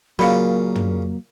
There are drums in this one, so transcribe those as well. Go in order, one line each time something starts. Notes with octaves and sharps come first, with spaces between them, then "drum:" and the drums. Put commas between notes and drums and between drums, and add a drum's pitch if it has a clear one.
A#2 C#3 F#3 A#3 F5 B5
drum: tom